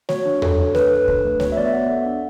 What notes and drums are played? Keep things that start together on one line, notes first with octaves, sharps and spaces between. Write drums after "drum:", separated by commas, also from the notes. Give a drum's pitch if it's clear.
F#4 C#5, drum: snare A3
D4
A4, drum: tom E2
D4
A4 B4, drum: snare A3
A4
D4, drum: kick D2
A3
F#4 C#5, drum: snare A3
E5
B3 D5
E5
B3 F#5
A4
D4